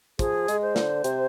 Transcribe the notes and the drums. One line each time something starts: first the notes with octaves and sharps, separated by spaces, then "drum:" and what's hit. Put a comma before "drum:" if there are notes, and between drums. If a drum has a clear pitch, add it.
F3 G#4, drum: kick, hi-hat
G#3, drum: hi-hat
C5
D3, drum: snare
C3, drum: hi-hat